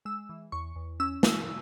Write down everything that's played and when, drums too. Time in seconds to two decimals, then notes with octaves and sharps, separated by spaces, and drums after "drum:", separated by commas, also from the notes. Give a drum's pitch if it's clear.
0.05 G#3 E6
0.29 E3
0.52 E2 C#6
0.76 E2
1.00 C#4 E6
1.23 E3, drum: snare